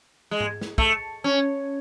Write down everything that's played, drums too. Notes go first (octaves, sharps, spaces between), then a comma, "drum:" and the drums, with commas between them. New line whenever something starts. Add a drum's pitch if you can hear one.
G#3
drum: tom G#2
drum: snare
A3, drum: kick
C#4